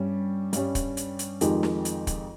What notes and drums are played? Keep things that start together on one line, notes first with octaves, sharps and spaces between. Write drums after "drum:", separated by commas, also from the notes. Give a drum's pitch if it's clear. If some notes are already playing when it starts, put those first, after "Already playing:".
Already playing: G2 G3 C#4
G2 G3 C#4, drum: hi-hat
drum: kick, hi-hat
drum: hi-hat
drum: hi-hat
F2 D#3 G#3 D#4 G4, drum: hi-hat
drum: snare
drum: hi-hat
drum: kick, hi-hat